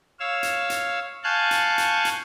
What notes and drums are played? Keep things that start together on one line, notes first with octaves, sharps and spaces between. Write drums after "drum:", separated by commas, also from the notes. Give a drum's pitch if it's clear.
C#5 F5 E6
drum: hi-hat
drum: hi-hat
F5 G#5 A5 C#6 F#6 G6
drum: hi-hat
drum: hi-hat
drum: hi-hat